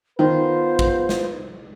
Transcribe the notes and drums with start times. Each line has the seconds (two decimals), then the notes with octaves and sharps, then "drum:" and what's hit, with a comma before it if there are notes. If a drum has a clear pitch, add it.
0.19 D#3 B3 F4 B4 C5
0.79 drum: kick
1.09 drum: snare